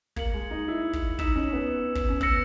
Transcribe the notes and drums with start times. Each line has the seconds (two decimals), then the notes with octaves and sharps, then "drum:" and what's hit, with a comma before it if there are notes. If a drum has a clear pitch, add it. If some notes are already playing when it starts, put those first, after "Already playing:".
0.16 A#3 G#6 C#7 F#7, drum: kick
0.34 G#3
0.51 D#4
0.68 E4
0.93 drum: kick
1.19 D#4 E6 B6 E7, drum: kick
1.36 C#4
1.49 C#4
1.53 B3
1.95 drum: kick
2.09 C#4
2.21 B3 E6 A#6 C#7 E7, drum: kick